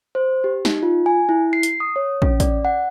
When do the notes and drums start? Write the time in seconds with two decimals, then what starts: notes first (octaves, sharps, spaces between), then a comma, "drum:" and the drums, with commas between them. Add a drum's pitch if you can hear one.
0.15 C5
0.44 G4
0.65 D#4, drum: snare
0.83 F4
1.06 G#5
1.29 E4
1.53 C7
1.63 drum: hi-hat
1.80 D#6
1.96 C#5
2.22 C#4, drum: kick
2.40 D5, drum: kick, hi-hat
2.65 F#5